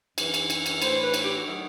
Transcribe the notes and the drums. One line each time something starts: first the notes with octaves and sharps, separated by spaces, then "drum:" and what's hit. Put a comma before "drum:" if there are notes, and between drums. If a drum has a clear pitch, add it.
F#2 E3, drum: cymbal
drum: cymbal
drum: cymbal
drum: cymbal
A2 E3 C5, drum: cymbal
B4
drum: cymbal
G4
F#4
D#3 F#3 E4